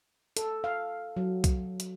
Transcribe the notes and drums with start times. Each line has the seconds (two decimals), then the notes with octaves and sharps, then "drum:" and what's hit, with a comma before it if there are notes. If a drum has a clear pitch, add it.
0.37 A4, drum: hi-hat
0.64 F5
1.17 F#3
1.44 drum: kick B1, hi-hat
1.80 drum: hi-hat